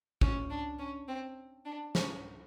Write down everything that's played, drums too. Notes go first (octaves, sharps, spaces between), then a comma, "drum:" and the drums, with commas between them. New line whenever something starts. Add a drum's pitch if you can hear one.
C#4, drum: kick
D4
C#4
C4
D4
C#4, drum: snare